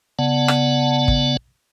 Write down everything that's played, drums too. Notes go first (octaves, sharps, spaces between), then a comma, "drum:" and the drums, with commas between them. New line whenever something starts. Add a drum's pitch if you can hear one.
C#3 B3 D5 F#5 A5
drum: rim click
drum: kick